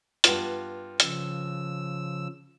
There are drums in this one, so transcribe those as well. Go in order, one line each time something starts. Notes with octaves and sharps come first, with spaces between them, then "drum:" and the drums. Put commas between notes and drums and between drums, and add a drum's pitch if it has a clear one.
G2 B3 F4, drum: hi-hat
C#3 F3 E6, drum: hi-hat